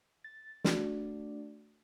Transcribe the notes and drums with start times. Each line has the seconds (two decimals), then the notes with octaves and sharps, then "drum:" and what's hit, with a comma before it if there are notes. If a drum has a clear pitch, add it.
0.24 A6
0.64 A3 D4 F#4 D5, drum: snare